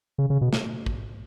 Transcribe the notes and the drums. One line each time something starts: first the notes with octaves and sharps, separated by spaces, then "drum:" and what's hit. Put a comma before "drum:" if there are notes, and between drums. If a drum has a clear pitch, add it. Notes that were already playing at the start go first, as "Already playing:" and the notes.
C#3
C#3
B2
drum: snare
drum: kick